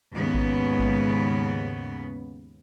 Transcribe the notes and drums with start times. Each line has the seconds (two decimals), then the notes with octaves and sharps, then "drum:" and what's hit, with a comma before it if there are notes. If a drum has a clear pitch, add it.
0.13 D#2 G#2 C#3 B3
0.34 drum: kick A1
0.79 drum: kick A1